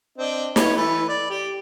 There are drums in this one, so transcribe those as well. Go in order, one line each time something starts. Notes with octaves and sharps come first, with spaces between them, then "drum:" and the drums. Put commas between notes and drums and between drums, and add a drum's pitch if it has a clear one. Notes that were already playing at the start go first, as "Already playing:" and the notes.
C4 D4 D#5
B4 C#5 D#5, drum: snare
E3 A3 B4
D5
G4